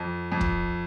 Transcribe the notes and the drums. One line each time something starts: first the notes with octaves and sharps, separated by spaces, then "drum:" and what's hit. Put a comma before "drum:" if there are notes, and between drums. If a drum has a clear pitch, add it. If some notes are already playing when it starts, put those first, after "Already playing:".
Already playing: F2
F2
drum: kick